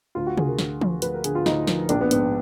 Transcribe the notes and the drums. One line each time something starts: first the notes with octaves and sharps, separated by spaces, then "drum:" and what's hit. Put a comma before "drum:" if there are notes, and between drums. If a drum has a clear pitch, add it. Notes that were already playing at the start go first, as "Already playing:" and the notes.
D2 F4
F#4
D3 G#4, drum: tom C3
A#4
D2, drum: snare
F3, drum: tom E3
D2 B4, drum: hi-hat
A#4
D3 G#4, drum: hi-hat
F4
D2 D#4, drum: snare
F3, drum: snare
A#1 D4, drum: hi-hat
B3
G#2 B3, drum: hi-hat